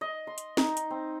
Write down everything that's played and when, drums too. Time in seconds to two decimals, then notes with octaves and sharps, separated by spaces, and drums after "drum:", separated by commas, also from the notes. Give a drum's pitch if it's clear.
0.01 D#5
0.27 C6
0.38 drum: hi-hat
0.57 D#4, drum: snare
0.77 drum: hi-hat
0.90 C4